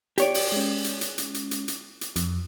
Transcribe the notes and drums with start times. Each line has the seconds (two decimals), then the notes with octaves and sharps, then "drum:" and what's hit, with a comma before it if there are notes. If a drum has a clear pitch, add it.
0.18 G4 C#5 D5, drum: hi-hat
0.34 drum: open hi-hat
0.52 G#3 C#4
0.84 drum: hi-hat
1.01 drum: hi-hat
1.18 drum: hi-hat
1.34 drum: hi-hat
1.51 drum: hi-hat
1.68 drum: hi-hat
2.01 drum: hi-hat
2.16 F2, drum: hi-hat